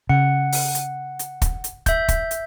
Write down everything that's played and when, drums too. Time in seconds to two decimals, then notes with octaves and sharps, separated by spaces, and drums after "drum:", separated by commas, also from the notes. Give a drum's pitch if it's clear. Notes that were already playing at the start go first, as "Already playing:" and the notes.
0.09 C#3 F#5
0.52 drum: open hi-hat
0.75 drum: hi-hat
1.19 drum: hi-hat
1.42 drum: kick, hi-hat
1.64 drum: hi-hat
1.86 E5 G6, drum: kick, hi-hat
2.08 drum: kick, hi-hat
2.31 drum: hi-hat